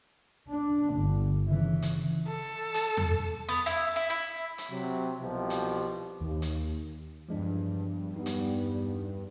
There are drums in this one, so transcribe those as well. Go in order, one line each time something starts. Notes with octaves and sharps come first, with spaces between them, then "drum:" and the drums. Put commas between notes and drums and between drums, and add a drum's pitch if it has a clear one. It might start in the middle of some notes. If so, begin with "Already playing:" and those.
D4
G1
C#3 E3
drum: hi-hat
A4
drum: hi-hat
drum: tom E2
B3
E4, drum: hi-hat
E4
E4
drum: hi-hat
C3 F#3
C2 B2 F3 G4
drum: hi-hat
D#2
drum: hi-hat
E2 G2 F3 G#3 D4
G3 B3 D#4
drum: hi-hat